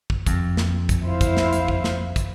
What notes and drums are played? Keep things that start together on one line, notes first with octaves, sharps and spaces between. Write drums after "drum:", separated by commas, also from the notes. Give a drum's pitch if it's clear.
drum: kick
F2, drum: kick, hi-hat
drum: snare
drum: kick, hi-hat
E4 C5 F5
drum: kick, hi-hat
drum: snare
drum: hi-hat
drum: kick
drum: snare
drum: kick, hi-hat